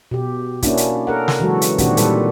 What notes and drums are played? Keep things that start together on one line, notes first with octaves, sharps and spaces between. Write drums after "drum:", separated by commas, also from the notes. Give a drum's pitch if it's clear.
B2 G4
A#3 C#4 D4 E4 F#4, drum: kick, hi-hat
drum: hi-hat
A4 A#4 F#5
drum: snare
C#3 E3 F#3 G#3 F#4 A4
drum: hi-hat
A#2 D#3 C4 D4 F#4 G4, drum: kick, hi-hat
A#2 E3 G3 A4 B4, drum: hi-hat